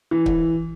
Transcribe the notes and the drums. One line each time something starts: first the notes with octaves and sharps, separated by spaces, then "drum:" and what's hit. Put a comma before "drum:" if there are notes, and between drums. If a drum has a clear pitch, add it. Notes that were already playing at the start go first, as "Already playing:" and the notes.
E3
drum: kick